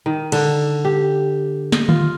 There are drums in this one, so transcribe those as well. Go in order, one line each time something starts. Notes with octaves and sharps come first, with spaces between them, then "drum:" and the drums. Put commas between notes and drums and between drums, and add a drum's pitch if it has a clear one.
D#3
D3, drum: cymbal
G4
D#5, drum: snare
F4, drum: tom D3